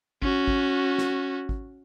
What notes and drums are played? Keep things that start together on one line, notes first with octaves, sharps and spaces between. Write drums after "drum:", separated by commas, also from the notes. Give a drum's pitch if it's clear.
C#4 F#4, drum: kick G#1
drum: kick G#1
drum: snare
drum: kick G#1